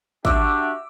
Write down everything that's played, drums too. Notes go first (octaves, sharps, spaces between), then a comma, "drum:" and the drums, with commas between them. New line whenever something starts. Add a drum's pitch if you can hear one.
D4 F#4 G4 E5 D6 E6, drum: kick